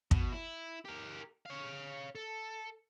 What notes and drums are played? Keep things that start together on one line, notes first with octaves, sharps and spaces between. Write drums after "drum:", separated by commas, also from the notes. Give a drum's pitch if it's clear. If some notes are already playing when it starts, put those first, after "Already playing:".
B2, drum: kick
E4
G4 A#4
C#5 F5
A4